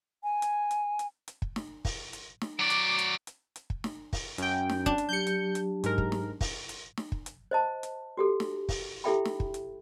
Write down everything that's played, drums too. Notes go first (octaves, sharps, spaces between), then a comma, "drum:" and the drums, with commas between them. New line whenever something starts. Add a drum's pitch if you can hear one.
G#5
drum: hi-hat
drum: hi-hat
drum: hi-hat
drum: hi-hat
drum: kick
drum: snare
drum: kick, open hi-hat
drum: hi-hat
drum: snare
F#3 D5 D6
drum: hi-hat
drum: hi-hat
drum: hi-hat
drum: hi-hat
drum: kick
drum: snare
drum: kick, open hi-hat
F#2 G5, drum: hi-hat
drum: snare
D4, drum: kick
drum: hi-hat
F#3 G4 G6 C#7
drum: hi-hat
drum: hi-hat
G#2 A#4, drum: hi-hat
drum: kick
drum: snare
drum: kick, open hi-hat
drum: hi-hat
drum: snare
drum: kick
drum: hi-hat
C5 D#5 A5
drum: hi-hat
F#4 G4 A4
drum: snare
drum: kick, open hi-hat
E4 G4 A4 E5 G5 B5
drum: snare
drum: kick
drum: hi-hat